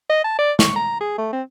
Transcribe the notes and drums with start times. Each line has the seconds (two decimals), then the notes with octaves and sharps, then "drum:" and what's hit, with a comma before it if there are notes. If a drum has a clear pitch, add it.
0.10 D#5
0.24 A5
0.39 D5
0.59 C#6, drum: snare
0.76 A#5
1.01 G#4
1.18 A3
1.33 C4